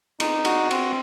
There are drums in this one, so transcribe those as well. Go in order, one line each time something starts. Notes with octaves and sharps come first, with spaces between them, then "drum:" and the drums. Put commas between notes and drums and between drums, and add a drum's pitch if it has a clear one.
D#4, drum: cymbal
F#4, drum: cymbal
C4, drum: cymbal